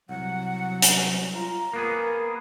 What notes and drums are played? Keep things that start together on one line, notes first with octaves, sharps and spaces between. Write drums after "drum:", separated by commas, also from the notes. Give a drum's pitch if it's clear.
C2 F#3 F#5
drum: hi-hat
F4 A#5
A#3 B3 G#4 A#4